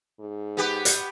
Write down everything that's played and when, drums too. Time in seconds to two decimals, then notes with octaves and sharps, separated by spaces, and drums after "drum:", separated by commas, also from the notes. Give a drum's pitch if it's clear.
0.20 G#2
0.57 B3 G4 B4
0.85 drum: hi-hat